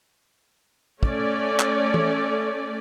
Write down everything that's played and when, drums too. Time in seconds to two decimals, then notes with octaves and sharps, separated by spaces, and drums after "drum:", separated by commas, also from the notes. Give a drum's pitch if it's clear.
1.03 A3 C#4 D5, drum: kick
1.59 drum: clap
1.94 drum: tom E3